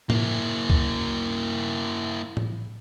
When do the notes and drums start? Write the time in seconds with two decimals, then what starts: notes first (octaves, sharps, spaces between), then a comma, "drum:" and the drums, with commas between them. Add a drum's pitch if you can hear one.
0.10 A#3 E4, drum: tom A2
0.70 drum: kick C#2
2.37 drum: tom A2